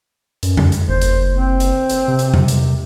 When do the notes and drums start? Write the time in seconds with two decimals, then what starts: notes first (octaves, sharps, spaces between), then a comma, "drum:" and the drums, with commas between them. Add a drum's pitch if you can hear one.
0.43 F#2, drum: hi-hat
0.57 drum: tom E2
0.72 drum: hi-hat
0.89 F#1 C5
1.01 drum: hi-hat
1.34 C4
1.60 drum: hi-hat
1.90 drum: hi-hat
2.08 C3
2.19 drum: hi-hat
2.34 drum: tom E2
2.48 drum: hi-hat